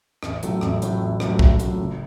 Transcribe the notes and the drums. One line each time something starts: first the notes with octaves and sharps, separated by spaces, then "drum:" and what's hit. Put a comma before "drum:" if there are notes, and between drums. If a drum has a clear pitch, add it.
A1, drum: rim click
A2 F#3 A3, drum: hi-hat
A1, drum: rim click
A2 F#3 A3, drum: hi-hat
A1
A2 F#3 A3, drum: rim click
A1, drum: kick
A2 F#3 A3, drum: hi-hat
F#1